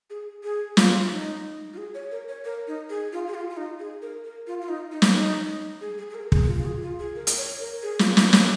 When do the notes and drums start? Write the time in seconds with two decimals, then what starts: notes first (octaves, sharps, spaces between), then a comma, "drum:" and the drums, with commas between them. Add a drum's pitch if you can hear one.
0.10 G#4
0.43 G#4
0.77 F4, drum: snare
1.11 D#4
1.73 F4
1.78 G#4
1.95 C#5
2.11 A#4
2.28 C#5
2.45 A#4
2.67 D#4
2.90 G#4
3.13 F4
3.28 G#4
3.34 F4
3.50 F4
3.57 D#4
3.79 G#4
4.02 A#4
4.24 A#4
4.47 F4
4.61 F4
4.69 D#4
4.92 D#4
5.02 drum: snare
5.14 D#4
5.81 G#4
5.98 G#4
6.10 G#4
6.14 A#4
6.32 G#4, drum: kick
6.48 F4
6.59 F4
6.65 G#4
6.82 F4
6.99 G#4
7.16 A#4
7.27 drum: hi-hat
7.38 C#5
7.60 A#4
7.83 G#4
7.99 F4, drum: snare
8.17 D#4, drum: snare
8.33 D#4, drum: snare